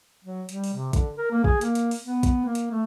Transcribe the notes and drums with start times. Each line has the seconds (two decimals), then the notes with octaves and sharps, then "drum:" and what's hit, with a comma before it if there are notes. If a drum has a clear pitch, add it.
0.24 F#3
0.49 G3, drum: hi-hat
0.64 drum: open hi-hat
0.74 C3
0.93 D3, drum: kick, hi-hat
1.18 A#4
1.31 A#3
1.44 G#4, drum: kick
1.61 A#3, drum: hi-hat
1.75 drum: hi-hat
1.91 drum: open hi-hat
2.04 B3
2.23 drum: kick, hi-hat
2.46 A#3
2.55 drum: hi-hat
2.71 A3